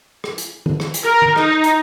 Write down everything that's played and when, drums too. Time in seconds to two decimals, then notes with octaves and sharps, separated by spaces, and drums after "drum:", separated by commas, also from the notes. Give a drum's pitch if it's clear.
0.24 drum: rim click
0.38 drum: hi-hat
0.66 drum: tom D#3
0.80 drum: rim click
0.94 drum: hi-hat
1.03 A#4
1.22 drum: tom D#3
1.36 D#4, drum: rim click
1.64 drum: hi-hat